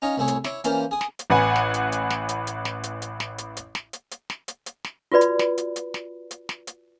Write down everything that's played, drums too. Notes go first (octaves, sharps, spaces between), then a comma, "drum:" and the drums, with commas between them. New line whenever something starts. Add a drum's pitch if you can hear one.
C#4 D#4 C#5 D#5 F5
C2 A2 E4 G#4 C#5
drum: hi-hat
E4 C#5 D6, drum: snare
E3 A#3 C#4 F4 C5, drum: hi-hat
G#4 D#6
drum: snare
drum: hi-hat
A1 B4 F#5 G#5
drum: snare
drum: hi-hat
drum: hi-hat
drum: snare
drum: hi-hat
drum: hi-hat
drum: snare
drum: hi-hat
drum: hi-hat
drum: snare
drum: hi-hat
drum: hi-hat
drum: snare
drum: hi-hat
drum: hi-hat
drum: snare
drum: hi-hat
drum: hi-hat
drum: snare
F4 F#4 B4 D5 B5
drum: hi-hat
drum: snare
drum: hi-hat
drum: hi-hat
drum: snare
drum: hi-hat
drum: snare
drum: hi-hat